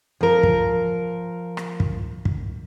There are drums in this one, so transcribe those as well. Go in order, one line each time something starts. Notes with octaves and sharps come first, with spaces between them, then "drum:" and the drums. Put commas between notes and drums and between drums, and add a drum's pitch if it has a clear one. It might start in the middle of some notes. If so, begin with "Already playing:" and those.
F3 A#4
drum: kick
drum: rim click
drum: kick
drum: kick